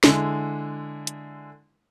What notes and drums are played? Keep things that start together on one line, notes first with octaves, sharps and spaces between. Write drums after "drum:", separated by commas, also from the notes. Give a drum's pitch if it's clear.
D3 G#3 E4, drum: snare
drum: hi-hat